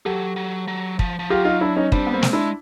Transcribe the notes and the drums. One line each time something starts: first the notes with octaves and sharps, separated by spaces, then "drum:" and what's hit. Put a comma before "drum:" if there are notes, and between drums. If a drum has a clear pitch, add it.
F#3 G4 A4
F#3
F#3
F3, drum: kick
F3
F#3 F4 G4
D#4 F4
D4 E4
C#4 D#4
G3 C4 D4, drum: kick
B3
A#3 C4
G#3, drum: snare
D4 E4